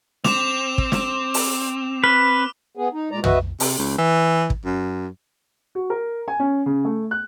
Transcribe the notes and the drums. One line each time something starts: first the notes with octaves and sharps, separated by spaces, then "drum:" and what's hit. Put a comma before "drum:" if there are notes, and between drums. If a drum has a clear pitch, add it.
C4 D6 E7 F7, drum: snare
drum: kick
drum: snare
drum: open hi-hat
B4 F6
B3 G#4
D#4
A#2 G#3 D5 A#5
F#4 B4 D#5 E5, drum: tom
C3, drum: open hi-hat
C#2
E3
drum: kick
F#2
F#4
A#4
G#5
C#4
C#3
A3
F#6